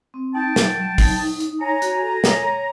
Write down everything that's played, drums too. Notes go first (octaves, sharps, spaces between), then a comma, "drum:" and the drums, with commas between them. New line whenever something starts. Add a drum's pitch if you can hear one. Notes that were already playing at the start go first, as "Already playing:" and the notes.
C4
D#4 G5 A5
F#3, drum: snare
F#3
D#4, drum: kick, open hi-hat
D#4
D#4, drum: hi-hat
C#5 G#5 A#5
F#4, drum: hi-hat
A4
C#5, drum: snare
C#5